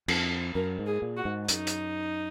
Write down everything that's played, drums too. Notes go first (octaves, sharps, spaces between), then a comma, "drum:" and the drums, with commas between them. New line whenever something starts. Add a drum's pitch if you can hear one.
F2, drum: cymbal
F#2 A#4
G#2
G#4
A#2
F#4
G#2
F#2 D#4, drum: hi-hat
drum: hi-hat